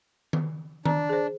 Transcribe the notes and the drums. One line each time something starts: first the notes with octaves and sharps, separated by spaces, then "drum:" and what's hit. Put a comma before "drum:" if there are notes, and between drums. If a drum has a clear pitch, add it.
drum: tom D#3
D4 A#5, drum: tom D#3
G#4 C5